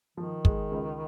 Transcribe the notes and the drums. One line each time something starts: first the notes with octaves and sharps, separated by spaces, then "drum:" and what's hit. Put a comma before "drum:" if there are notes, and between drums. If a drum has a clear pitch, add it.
D#3 F3
G#3, drum: kick
C#2